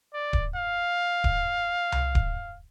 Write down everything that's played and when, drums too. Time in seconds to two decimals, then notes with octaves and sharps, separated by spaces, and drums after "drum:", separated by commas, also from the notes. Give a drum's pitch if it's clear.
0.14 D5
0.33 drum: kick D1
0.56 F5
1.24 drum: kick D1
1.92 drum: tom C2
2.15 drum: kick D1